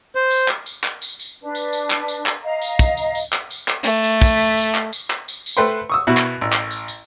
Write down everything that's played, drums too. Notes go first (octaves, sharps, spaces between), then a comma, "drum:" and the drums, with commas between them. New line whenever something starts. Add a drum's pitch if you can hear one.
C5
drum: tambourine
drum: clap
drum: tambourine
drum: clap
drum: tambourine
drum: tambourine
D4 B4
drum: tambourine
drum: tambourine
drum: clap
drum: tambourine
drum: clap
D#5 F5 A#5
drum: tambourine
drum: kick, tambourine
drum: tambourine
drum: tambourine
drum: clap
drum: tambourine
drum: clap
A3, drum: tambourine
drum: tambourine
drum: kick, tambourine
drum: tambourine
drum: tambourine
drum: clap
drum: tambourine
drum: clap
drum: tambourine
drum: tambourine
A3 B4 C5 G5 C6
C#6 D#6 E6
B2 B3 E4 F#4
drum: clap
A1
drum: clap
drum: tambourine
drum: tambourine